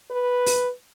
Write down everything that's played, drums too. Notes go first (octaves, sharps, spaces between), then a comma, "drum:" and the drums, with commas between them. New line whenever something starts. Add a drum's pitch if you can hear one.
B4
drum: open hi-hat